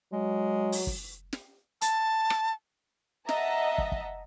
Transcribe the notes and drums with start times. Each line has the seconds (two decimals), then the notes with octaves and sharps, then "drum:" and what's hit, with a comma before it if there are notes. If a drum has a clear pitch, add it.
0.13 F#3 G#3
0.72 drum: open hi-hat
0.87 drum: kick
1.33 drum: snare
1.81 A5, drum: hi-hat
2.30 drum: rim click
3.29 D#5 E5 F#5 A5 A#5, drum: snare
3.78 drum: kick
3.92 drum: kick